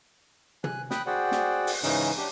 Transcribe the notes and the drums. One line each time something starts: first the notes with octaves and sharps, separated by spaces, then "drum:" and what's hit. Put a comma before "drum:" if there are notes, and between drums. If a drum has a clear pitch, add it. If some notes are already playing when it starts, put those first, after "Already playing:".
G#5 F#6, drum: tom
G5 B5 D#6 F#6, drum: snare
F#4 G#4 C5 D5 F#5 G5
drum: snare
drum: open hi-hat
G#2 C#3 E3 C#4 D#4, drum: open hi-hat
D4 G4